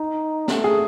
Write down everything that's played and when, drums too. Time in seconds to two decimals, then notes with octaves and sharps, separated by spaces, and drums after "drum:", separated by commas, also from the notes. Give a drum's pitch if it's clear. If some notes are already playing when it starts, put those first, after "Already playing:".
Already playing: D#4
0.48 A3, drum: snare
0.64 G#4